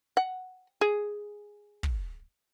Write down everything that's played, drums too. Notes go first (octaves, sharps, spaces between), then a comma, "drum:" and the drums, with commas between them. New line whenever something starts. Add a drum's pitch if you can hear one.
F#5
G#4
drum: kick